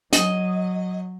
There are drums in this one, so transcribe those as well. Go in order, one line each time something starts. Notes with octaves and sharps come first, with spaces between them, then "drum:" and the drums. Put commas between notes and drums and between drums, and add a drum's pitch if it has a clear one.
F#3 D#5, drum: hi-hat